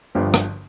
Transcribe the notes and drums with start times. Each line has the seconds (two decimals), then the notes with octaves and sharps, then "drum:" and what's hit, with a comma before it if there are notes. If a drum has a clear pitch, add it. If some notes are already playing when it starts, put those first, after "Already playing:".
0.15 G1 G2 F3
0.34 drum: rim click